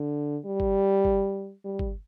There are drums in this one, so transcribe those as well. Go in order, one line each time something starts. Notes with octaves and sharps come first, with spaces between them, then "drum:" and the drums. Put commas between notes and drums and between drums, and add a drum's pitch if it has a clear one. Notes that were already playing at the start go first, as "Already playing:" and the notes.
Already playing: D3
G3
drum: kick G1
drum: kick G1
G3
drum: kick G1